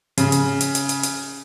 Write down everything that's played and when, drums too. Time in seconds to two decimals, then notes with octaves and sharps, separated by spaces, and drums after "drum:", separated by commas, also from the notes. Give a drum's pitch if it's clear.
0.17 C#3, drum: hi-hat
0.32 drum: hi-hat
0.61 drum: hi-hat
0.75 drum: hi-hat
0.89 drum: hi-hat
1.03 drum: hi-hat